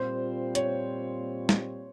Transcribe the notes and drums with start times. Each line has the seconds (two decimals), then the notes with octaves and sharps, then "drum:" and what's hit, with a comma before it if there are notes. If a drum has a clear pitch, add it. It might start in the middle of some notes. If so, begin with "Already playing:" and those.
Already playing: A#2 G3 C4 F4 C5
0.55 C#5, drum: hi-hat
1.49 drum: snare